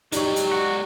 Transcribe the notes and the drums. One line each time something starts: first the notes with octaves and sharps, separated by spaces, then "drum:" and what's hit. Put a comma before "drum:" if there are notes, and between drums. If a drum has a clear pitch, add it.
F#3 G#3 D#4 G4 D5, drum: hi-hat
drum: hi-hat
F#4